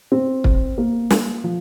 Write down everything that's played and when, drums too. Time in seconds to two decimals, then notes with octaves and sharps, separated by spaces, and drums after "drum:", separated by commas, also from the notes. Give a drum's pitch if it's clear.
0.12 C4
0.44 drum: kick
0.78 A#3
1.10 drum: snare
1.44 F3